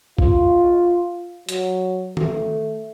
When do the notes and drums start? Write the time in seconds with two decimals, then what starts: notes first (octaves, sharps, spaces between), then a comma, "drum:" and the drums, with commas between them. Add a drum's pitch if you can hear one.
0.18 F4, drum: kick B1
1.49 F#3, drum: hi-hat
2.17 A3, drum: tom D#3